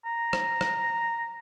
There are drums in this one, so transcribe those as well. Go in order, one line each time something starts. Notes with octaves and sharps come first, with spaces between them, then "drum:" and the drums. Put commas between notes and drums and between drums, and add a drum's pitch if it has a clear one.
A#5
drum: rim click
drum: rim click